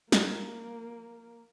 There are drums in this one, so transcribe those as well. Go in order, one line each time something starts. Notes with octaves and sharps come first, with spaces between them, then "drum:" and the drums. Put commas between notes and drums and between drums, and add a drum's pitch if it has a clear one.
A#3, drum: snare